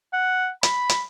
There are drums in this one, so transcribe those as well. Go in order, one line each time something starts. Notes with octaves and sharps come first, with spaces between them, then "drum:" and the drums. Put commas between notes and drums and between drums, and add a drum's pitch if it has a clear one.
F#5
B5, drum: hi-hat
drum: hi-hat